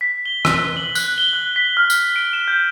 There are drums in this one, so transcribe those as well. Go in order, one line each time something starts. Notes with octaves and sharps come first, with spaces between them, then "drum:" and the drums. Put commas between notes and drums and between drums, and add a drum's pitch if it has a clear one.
B6
G7
F#6, drum: rim click
F#7
F#6, drum: tambourine
G7
F#6
B6
F6
drum: tambourine
D7
E7
G6